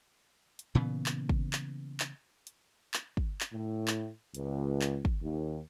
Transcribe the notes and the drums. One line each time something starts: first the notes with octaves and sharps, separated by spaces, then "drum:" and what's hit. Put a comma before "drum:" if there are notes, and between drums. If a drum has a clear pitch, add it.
drum: hi-hat
A#2 C#3 E3 B3
drum: clap
drum: kick
drum: clap
drum: clap
drum: hi-hat
drum: clap
drum: kick
drum: clap
A2
drum: clap
C#2, drum: hi-hat
drum: clap
drum: kick
D#2